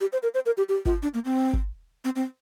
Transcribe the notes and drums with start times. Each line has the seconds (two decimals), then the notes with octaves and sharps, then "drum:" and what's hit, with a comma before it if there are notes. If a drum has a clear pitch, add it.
0.01 G4
0.12 C5
0.23 A#4
0.34 C5
0.46 A#4
0.57 G4
0.69 G4
0.85 F4, drum: kick G#1
1.03 D4
1.14 A#3
1.25 C4
1.53 drum: kick G#1
2.04 C4
2.16 C4